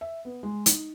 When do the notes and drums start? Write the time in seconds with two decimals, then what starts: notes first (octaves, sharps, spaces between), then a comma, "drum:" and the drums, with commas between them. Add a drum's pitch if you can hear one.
0.01 E5
0.25 B3
0.43 G#3
0.66 D#4, drum: hi-hat